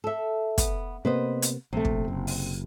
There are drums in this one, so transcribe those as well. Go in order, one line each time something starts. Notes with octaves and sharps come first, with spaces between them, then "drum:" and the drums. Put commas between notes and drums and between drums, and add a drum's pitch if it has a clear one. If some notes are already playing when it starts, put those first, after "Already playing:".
A4 E5
B3, drum: kick, hi-hat
C3 A#3 B3 B4 C5 D#5
drum: hi-hat
A#1 C3 A3
drum: kick
F#1
drum: open hi-hat